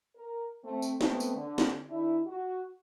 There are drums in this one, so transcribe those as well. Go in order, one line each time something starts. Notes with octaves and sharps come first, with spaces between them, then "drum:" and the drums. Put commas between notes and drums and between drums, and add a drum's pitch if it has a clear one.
A#4
A3 C4
drum: tambourine
G#3 A3 B3 C4 A4, drum: snare
drum: tambourine
D3
drum: snare
D#3 D4 E4
F#4